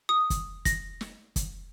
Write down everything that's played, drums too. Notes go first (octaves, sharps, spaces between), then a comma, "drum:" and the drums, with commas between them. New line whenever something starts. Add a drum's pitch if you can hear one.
D#6
drum: kick, hi-hat
A#6, drum: kick, hi-hat
drum: snare
drum: kick, hi-hat